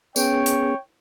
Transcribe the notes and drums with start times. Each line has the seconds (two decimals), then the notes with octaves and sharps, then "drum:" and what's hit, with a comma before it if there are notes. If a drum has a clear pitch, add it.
0.16 B3 C#4 G#4 C#5 G5, drum: tambourine
0.46 drum: hi-hat